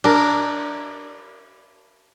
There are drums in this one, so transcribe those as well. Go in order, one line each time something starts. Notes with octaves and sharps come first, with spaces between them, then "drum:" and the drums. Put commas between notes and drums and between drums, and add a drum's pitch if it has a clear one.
D4 A#4, drum: cymbal